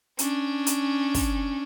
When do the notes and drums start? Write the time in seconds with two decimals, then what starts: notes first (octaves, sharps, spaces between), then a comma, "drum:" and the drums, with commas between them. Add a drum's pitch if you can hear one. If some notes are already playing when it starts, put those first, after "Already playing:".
0.19 C#4 D4, drum: hi-hat
0.67 drum: hi-hat
1.14 drum: kick, open hi-hat